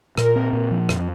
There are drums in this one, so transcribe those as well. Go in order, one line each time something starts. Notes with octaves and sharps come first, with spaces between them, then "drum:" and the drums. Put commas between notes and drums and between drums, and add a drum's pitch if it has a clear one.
A#2 A#4, drum: rim click
C4
A#2
F3
F2, drum: rim click